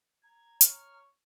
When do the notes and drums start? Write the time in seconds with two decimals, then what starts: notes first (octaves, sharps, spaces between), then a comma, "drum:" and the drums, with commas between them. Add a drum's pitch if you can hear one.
0.24 A#5 G#6
0.61 C#5 F6, drum: hi-hat